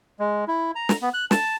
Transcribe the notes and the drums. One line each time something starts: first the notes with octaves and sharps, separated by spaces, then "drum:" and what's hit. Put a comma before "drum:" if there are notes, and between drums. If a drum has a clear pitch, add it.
G#3
E4
A#5
drum: snare
B3
F#6
A5, drum: snare